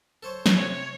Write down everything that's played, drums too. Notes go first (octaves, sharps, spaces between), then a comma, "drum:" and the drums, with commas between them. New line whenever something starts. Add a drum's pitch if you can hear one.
A4 C5 C#5
drum: snare
C3 C#5